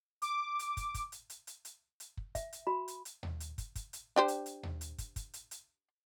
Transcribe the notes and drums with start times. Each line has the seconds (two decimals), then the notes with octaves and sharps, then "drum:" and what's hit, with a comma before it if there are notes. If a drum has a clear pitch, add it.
0.22 D6, drum: hi-hat
0.59 drum: hi-hat
0.77 drum: kick, hi-hat
0.94 drum: kick, hi-hat
1.12 drum: hi-hat
1.30 drum: hi-hat
1.47 drum: hi-hat
1.65 drum: hi-hat
2.00 drum: hi-hat
2.17 drum: kick
2.35 E5, drum: kick, hi-hat
2.53 drum: hi-hat
2.67 F#4 B5
2.88 drum: hi-hat
3.05 drum: hi-hat
3.23 drum: tom D#2
3.40 drum: hi-hat
3.58 drum: kick, hi-hat
3.75 drum: kick, hi-hat
3.93 drum: hi-hat
4.16 D4 G4 C5
4.28 drum: hi-hat
4.46 drum: hi-hat
4.63 drum: tom D#2
4.81 drum: hi-hat
4.98 drum: kick, hi-hat
5.16 drum: kick, hi-hat
5.34 drum: hi-hat
5.51 drum: hi-hat